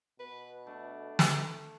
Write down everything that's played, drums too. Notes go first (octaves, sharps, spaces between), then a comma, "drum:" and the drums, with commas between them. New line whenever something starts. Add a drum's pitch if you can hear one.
B2 B4
A3 D4
drum: snare